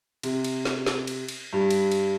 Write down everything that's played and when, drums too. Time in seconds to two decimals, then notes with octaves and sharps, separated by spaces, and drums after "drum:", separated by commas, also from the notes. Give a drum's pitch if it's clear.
0.23 C3, drum: cymbal
0.44 drum: cymbal
0.65 drum: snare
0.86 drum: snare
1.07 drum: cymbal
1.28 drum: cymbal
1.53 G2
1.71 drum: cymbal
1.92 drum: cymbal